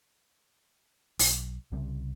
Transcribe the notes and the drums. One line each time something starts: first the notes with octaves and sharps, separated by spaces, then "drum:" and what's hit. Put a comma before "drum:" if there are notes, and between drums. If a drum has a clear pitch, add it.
B1, drum: open hi-hat
C2 C#3 G3 C4